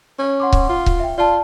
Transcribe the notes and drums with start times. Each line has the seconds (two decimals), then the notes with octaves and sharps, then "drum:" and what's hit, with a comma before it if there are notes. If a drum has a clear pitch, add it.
0.19 C#4
0.40 F#5 C6 D6
0.53 drum: kick C#1
0.69 F4
0.86 drum: kick C#1
1.00 E5 G5
1.18 F4 D5 A5